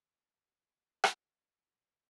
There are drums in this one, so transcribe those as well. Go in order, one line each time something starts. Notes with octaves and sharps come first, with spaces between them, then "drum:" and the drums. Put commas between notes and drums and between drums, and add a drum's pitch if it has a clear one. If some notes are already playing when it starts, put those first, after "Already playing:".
F#4 G#4 B4 D5
C3 F3 G#3
drum: rim click
D3 F3 F#3